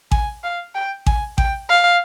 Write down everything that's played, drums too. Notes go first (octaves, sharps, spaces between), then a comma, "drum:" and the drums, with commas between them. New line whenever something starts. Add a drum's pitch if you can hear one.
G#5, drum: kick A1
F5
G5
G#5, drum: kick A1
G5, drum: kick A1
F5